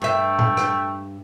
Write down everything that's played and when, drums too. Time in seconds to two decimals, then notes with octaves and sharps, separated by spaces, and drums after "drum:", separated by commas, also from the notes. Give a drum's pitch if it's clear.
0.02 G2 A3 E5 G5
0.39 drum: tom A#2
0.57 drum: rim click